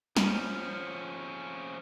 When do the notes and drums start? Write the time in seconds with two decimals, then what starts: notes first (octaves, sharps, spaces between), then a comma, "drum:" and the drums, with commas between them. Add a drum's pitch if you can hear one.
0.17 F3 C#4, drum: snare